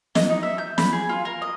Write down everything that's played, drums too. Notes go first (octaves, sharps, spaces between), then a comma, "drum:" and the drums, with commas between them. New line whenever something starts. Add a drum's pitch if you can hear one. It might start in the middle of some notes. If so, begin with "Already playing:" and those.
D#5, drum: snare
D#4
E5
G6
B5, drum: snare
G#4
F4
A#4
D#5